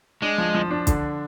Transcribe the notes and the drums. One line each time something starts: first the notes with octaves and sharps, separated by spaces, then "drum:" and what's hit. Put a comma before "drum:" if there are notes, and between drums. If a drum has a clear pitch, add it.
G#3 D4
F3
F3
D4
D3, drum: kick, hi-hat